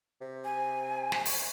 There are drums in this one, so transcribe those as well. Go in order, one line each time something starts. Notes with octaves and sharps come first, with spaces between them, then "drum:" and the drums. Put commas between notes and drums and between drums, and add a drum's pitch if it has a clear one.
C3
G#5
drum: snare
drum: open hi-hat